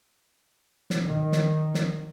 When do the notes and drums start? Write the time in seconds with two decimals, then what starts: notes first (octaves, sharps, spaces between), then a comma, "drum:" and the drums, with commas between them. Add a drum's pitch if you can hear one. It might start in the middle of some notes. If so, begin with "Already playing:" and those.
0.90 drum: snare
1.04 D#3
1.32 drum: snare
1.74 drum: snare